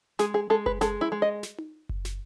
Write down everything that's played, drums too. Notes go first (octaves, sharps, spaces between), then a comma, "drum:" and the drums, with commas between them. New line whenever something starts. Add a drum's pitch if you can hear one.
G#3 G#4, drum: snare
G#4
G#3 A4
B4, drum: kick F#1
G#3 A4, drum: snare
E4
G#3
D#5
drum: snare
drum: tom D#4
drum: kick F#1
drum: snare